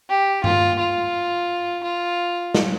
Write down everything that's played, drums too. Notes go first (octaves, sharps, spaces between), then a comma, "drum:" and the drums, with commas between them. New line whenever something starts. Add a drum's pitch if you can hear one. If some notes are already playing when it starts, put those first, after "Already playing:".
G4
F4, drum: tom G2
F4
F4
drum: snare